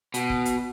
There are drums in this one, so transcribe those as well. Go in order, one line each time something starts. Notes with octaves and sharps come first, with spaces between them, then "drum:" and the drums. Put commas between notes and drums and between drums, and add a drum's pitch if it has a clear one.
B2, drum: hi-hat
drum: kick
drum: hi-hat